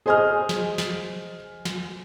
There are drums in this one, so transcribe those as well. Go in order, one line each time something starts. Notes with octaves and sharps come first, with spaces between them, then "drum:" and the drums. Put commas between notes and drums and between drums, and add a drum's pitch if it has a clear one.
G#4 C5 D#5 G#5 D#6 F6
drum: snare
drum: snare
drum: snare